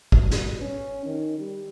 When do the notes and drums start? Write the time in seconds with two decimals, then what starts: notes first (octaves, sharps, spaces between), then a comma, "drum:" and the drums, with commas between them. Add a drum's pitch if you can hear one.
0.12 B2, drum: kick
0.30 drum: snare
0.61 C#4
1.05 D#3
1.38 G3